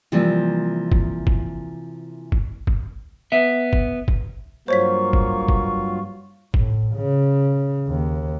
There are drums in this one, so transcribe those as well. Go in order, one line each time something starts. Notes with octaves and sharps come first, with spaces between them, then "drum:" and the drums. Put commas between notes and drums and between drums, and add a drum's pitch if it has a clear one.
C3 E3 F3 G3 A#3
drum: kick
drum: kick
drum: kick
drum: kick
B3 E5
drum: kick
drum: kick
G2 F#3 A#3 F4 C5 C#5 C#6 B6
drum: kick
drum: kick
A2, drum: kick
C#3
D#2